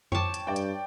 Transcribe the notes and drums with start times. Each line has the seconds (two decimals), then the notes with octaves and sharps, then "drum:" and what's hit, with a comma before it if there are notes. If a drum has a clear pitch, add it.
0.12 C#5 G5 A5 D6, drum: tom F2
0.34 drum: hi-hat
0.47 G2 D5 G5
0.56 drum: hi-hat